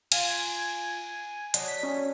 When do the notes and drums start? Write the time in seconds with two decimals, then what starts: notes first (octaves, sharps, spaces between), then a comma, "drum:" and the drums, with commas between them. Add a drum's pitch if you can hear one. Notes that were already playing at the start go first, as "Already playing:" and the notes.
0.12 F4 G#5, drum: cymbal
1.54 F#3 D4 D#5, drum: hi-hat
1.68 B6
1.83 C#4